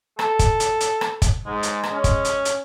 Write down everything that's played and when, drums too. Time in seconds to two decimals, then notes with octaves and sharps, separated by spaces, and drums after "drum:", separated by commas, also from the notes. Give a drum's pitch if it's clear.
0.19 A4, drum: rim click
0.39 drum: kick, hi-hat
0.60 drum: hi-hat
0.81 drum: hi-hat
1.01 drum: rim click
1.22 drum: kick, hi-hat
1.46 G#2 G#3
1.63 drum: hi-hat
1.83 drum: rim click
1.93 C#4
2.04 drum: kick, hi-hat
2.25 drum: hi-hat
2.45 drum: hi-hat